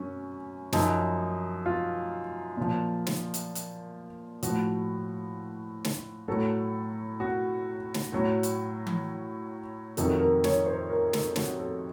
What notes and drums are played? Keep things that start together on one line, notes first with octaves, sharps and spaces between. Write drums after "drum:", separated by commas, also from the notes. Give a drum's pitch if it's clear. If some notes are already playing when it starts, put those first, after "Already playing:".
Already playing: F#2 C#4
F#2 F3 D#4, drum: snare
F4
A#2 F3
drum: snare
drum: hi-hat
drum: hi-hat
A2 F3 F#4, drum: hi-hat
drum: snare
A2 F#3 A4
F#4
drum: snare
A2 F#3
drum: hi-hat
drum: tom E3
F2 C3 D#3 F#3 A4, drum: hi-hat
A#4
C#5, drum: snare
C5
A#4
A4, drum: snare
F#4, drum: snare
A4